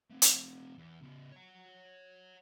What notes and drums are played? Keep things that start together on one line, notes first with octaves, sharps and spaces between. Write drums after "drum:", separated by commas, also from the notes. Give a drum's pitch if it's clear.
A3 C4
drum: hi-hat
E2
C#3 B3
C#5 F#5